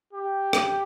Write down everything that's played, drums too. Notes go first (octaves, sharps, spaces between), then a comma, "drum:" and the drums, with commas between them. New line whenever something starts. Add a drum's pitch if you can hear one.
G4
drum: rim click